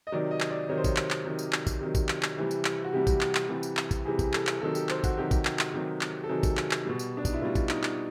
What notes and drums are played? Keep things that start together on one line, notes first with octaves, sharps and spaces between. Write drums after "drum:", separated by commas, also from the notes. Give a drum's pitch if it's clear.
D#5
C3 D#3 F#3 D5
D#5
drum: clap
D5
C3 D#3 F#3 C#5
C5
C#5, drum: kick, tambourine
drum: clap
drum: clap
C3 D#3 F#3
drum: tambourine
drum: clap
drum: kick, tambourine
C3 D#3 F#3
drum: kick, tambourine
drum: clap
drum: clap
C3 E3 G3
drum: tambourine
drum: clap
F#4
C3 E3 G3 G4
drum: kick, tambourine
drum: clap
drum: clap
C3 E3 G3
drum: tambourine
drum: clap
drum: kick, tambourine
C3 E3 G3 G#4
drum: kick, tambourine
A4, drum: clap
drum: clap
C3 D#3 F#3 A4
G4, drum: tambourine
C5, drum: clap
F#4, drum: kick, tambourine
C3 D#3 F#3 G4
drum: kick, tambourine
drum: clap
drum: clap
C3 D#3 F#3
drum: clap
A4
C3 D#3 F#3 G#4
drum: kick, tambourine
drum: clap
drum: clap
B2 G3
drum: tambourine
D4
D#4, drum: kick, tambourine
E4
B2 G3 F4
drum: kick, tambourine
D#4, drum: clap
drum: clap